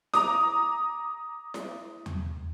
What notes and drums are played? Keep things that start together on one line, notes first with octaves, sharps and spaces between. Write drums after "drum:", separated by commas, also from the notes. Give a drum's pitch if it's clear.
A#5 D6 D#6, drum: snare E4
drum: snare E4
drum: tom E2